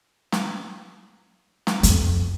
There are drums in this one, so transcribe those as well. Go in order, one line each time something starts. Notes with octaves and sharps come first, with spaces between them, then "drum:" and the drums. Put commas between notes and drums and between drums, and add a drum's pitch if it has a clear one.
drum: snare
drum: snare
F2, drum: hi-hat